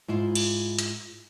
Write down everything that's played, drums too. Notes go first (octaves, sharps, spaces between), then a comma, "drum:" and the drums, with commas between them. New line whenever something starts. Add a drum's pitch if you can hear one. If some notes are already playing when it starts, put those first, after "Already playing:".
G#2 E4 F4
drum: cymbal
drum: hi-hat